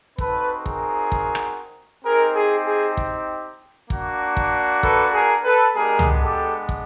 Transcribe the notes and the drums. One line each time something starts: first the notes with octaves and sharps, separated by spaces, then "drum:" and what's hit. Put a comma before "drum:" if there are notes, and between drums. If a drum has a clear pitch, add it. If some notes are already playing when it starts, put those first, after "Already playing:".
C4 D#4 F#4 A4 B4, drum: kick
G#4 A#4, drum: kick
drum: kick
drum: rim click
C4 D#4 G4 G#4 A#4
G#4
G#4
drum: kick
A#3 D4 F#4, drum: kick
drum: kick
A4 B4, drum: kick
G#4 A#4
A4 B4
G#3 B3 D4 G4 G#4 A#4
drum: tom C#2
G4 A4
drum: kick